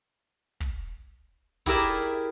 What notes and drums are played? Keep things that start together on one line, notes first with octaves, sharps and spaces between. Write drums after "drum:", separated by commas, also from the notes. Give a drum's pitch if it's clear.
drum: kick
E4 G4 G#4 A#4 D5 E5, drum: kick